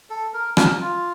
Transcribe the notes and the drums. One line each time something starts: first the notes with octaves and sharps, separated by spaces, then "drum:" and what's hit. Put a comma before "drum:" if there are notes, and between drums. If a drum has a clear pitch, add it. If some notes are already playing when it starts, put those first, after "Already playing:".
A4
A#4
A#4, drum: rim click
F4